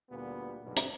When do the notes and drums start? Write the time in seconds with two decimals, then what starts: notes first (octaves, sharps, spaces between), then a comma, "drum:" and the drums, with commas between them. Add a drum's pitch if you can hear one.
0.10 D2 A#2 G3 B3
0.65 B1 G2
0.77 drum: hi-hat